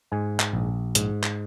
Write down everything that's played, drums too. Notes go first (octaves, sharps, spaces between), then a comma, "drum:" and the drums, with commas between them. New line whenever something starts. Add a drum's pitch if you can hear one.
G#2 G#5
drum: clap
A#1
G#2, drum: hi-hat
drum: clap